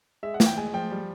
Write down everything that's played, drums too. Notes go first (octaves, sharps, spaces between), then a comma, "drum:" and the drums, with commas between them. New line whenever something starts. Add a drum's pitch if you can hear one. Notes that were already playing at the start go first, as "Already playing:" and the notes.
G#3 E5
F#5
E3, drum: snare
G5
G#3 G#5
F3 G5
G3